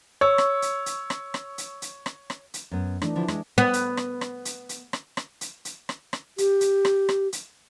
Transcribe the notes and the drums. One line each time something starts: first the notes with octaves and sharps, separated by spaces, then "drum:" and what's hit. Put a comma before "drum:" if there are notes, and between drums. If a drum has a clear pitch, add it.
C#5 C#6 E6
drum: rim click
drum: hi-hat
drum: hi-hat
drum: rim click
drum: rim click
drum: hi-hat
drum: hi-hat
drum: rim click
drum: rim click
drum: hi-hat
F#2 B3
E3 A3 D4 D#4, drum: rim click
D3 F3 E4
G#3, drum: rim click
B3
drum: hi-hat
drum: rim click
drum: rim click
drum: hi-hat
drum: hi-hat
drum: rim click
drum: rim click
drum: hi-hat
drum: hi-hat
drum: rim click
drum: rim click
G4, drum: hi-hat
drum: hi-hat
drum: rim click
drum: rim click
drum: hi-hat